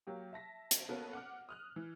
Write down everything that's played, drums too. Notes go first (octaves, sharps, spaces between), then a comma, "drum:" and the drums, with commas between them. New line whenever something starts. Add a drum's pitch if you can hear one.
F#3 A#3 G4
E5 A5 A#6 B6
drum: hi-hat
A#3 B3 C#4 F#4 A4 A#4
F#5 D6 F6
D#6 F6 F#6
E3